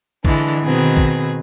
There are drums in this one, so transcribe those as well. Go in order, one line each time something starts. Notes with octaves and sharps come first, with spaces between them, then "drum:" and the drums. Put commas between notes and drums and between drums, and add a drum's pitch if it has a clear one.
D3 E3 G#3 D4, drum: kick
B2 D#3 C4 G#4 B4
drum: kick